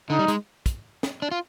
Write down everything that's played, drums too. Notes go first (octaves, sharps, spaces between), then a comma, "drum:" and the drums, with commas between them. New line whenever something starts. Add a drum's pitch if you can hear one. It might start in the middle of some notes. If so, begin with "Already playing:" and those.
D3 D#4
G3
G#3, drum: hi-hat
drum: kick, hi-hat
drum: snare
D4
F4